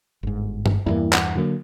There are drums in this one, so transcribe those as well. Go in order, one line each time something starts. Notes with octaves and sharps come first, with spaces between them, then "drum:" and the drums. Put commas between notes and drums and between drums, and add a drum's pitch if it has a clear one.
G1 G#2
drum: tom G2
E2 G2 E3 A#3 E4
F#5, drum: clap
D3 F#3 A#3